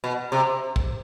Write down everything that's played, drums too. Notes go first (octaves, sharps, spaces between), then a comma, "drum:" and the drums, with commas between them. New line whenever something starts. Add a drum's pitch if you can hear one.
B2
C3
drum: kick B1